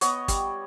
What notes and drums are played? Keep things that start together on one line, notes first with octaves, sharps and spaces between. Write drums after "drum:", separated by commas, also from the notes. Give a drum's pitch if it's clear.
B3 C#5 D#5, drum: hi-hat
G3, drum: kick, hi-hat